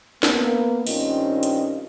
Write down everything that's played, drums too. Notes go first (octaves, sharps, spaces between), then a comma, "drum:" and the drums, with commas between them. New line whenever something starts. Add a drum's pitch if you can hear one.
A#3 B3, drum: snare
G2 D#3 C4 C#4 F4 D#5, drum: open hi-hat
drum: hi-hat